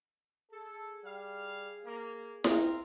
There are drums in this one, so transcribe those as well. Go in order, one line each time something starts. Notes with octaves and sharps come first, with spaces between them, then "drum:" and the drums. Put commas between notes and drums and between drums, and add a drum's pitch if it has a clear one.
G#4 A4
G3 F5
A#3
C4 F4 A#4, drum: snare E4